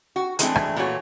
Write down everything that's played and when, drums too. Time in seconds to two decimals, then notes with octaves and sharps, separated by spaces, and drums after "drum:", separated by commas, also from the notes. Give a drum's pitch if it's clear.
0.16 F#4
0.39 E3 G#3 A3 C4 D4 E4, drum: hi-hat
0.55 drum: rim click
0.76 A#2 E3 A3 F#4 C#5